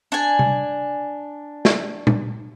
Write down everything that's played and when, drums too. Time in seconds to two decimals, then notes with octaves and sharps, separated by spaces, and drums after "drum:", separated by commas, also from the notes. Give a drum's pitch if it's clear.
0.12 D4 G#5
0.39 drum: tom C3
1.65 drum: snare
2.07 drum: tom A#2